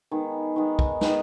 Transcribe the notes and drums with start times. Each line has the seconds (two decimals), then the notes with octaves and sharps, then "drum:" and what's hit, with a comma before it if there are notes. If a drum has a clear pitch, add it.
0.11 D#3 G#3 B3
0.56 D#3 G#3 B3
0.79 drum: kick
1.01 D#3 G#3 B3, drum: snare